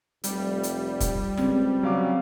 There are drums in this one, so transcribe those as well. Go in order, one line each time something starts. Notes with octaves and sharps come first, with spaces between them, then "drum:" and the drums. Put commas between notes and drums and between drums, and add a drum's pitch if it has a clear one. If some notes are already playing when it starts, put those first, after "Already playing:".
F1 G3, drum: hi-hat
drum: hi-hat
drum: kick, hi-hat
C#2 C4, drum: snare
C#3 F#3 F5 D6